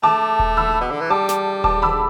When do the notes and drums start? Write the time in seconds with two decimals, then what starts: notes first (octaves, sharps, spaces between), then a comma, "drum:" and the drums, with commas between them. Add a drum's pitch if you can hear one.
0.03 A3 A5 D6
0.39 drum: kick D#1
0.57 B5 E6
0.81 B2
0.91 D3
1.01 E3
1.10 G3 A5 D6
1.29 drum: snare
1.64 A5 D6, drum: kick D#1
1.82 B5 E6